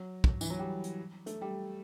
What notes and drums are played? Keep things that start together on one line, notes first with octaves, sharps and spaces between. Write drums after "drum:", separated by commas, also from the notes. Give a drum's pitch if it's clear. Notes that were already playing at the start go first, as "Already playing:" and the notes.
Already playing: F#3
drum: kick
E3, drum: tambourine
F#3
G3
drum: hi-hat
A3, drum: hi-hat
G3